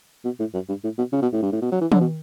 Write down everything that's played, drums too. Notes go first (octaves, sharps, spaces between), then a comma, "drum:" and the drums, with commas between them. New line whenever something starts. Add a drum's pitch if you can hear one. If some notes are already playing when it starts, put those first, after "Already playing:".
B2
A2
F#2
G2
A2
B2
C#3
B2
A2
G2
A2
B2
F#3
E3
D3, drum: tom
B2